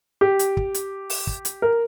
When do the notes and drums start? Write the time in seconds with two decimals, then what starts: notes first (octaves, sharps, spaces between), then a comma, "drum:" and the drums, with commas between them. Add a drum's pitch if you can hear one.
0.21 G4
0.39 drum: hi-hat
0.57 drum: kick
0.74 drum: hi-hat
1.10 drum: open hi-hat
1.27 drum: kick
1.45 drum: hi-hat
1.62 A#4